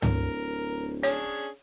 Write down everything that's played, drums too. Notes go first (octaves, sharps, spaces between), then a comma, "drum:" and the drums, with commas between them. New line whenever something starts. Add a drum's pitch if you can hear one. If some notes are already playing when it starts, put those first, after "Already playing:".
D1 A#4, drum: tom
C#4 D4 G#4 C#5, drum: hi-hat